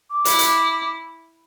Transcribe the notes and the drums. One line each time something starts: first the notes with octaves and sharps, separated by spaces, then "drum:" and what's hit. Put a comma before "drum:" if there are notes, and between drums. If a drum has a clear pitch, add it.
D6
E4, drum: hi-hat
drum: hi-hat